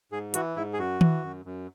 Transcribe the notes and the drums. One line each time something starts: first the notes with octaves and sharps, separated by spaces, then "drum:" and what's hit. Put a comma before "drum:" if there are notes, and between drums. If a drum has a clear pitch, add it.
G#2 G#4
E3 F#4, drum: hi-hat
G#2 E4
G#4
F#2 F#4
E3, drum: tom D#3
F#2
F#2